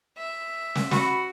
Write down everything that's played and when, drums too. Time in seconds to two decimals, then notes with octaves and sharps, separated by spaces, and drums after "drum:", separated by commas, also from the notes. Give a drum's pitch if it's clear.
0.17 E5
0.75 drum: snare
0.91 F#4 B5, drum: snare